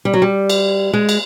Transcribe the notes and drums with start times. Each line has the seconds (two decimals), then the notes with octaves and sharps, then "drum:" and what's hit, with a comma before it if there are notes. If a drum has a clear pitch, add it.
0.05 G3
0.14 F#3
0.22 G3
0.50 drum: cymbal
0.93 G#3
1.09 drum: cymbal